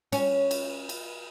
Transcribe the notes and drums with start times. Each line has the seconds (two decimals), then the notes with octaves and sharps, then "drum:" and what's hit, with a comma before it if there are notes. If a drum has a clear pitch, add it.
0.12 C#4, drum: cymbal
0.51 drum: cymbal
0.89 drum: cymbal